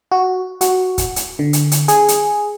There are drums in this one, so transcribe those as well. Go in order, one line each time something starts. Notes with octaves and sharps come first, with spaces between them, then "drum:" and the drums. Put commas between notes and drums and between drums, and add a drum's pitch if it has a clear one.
F#4
F#4, drum: hi-hat
drum: kick, hi-hat
drum: hi-hat
D3
drum: hi-hat
drum: hi-hat
G#4, drum: hi-hat
drum: hi-hat